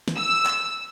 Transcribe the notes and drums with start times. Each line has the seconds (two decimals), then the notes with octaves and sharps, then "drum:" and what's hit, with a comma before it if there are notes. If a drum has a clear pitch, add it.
0.08 drum: snare
0.17 E6
0.46 drum: clap